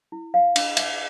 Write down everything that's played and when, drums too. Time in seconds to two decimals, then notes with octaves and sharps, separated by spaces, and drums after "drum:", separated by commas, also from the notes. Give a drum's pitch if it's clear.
0.12 E4
0.34 F5
0.56 D4, drum: cymbal
0.77 E5, drum: cymbal